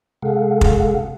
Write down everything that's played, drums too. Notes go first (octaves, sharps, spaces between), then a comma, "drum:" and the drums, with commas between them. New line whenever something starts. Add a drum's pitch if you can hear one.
C3 G#3 G#4 A4 F5 F#5
drum: kick